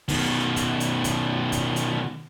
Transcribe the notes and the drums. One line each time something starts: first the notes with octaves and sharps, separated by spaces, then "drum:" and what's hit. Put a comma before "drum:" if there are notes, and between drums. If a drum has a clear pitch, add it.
B2 D#3, drum: kick, open hi-hat
drum: kick, hi-hat
drum: hi-hat
drum: kick, hi-hat
drum: kick, hi-hat
drum: hi-hat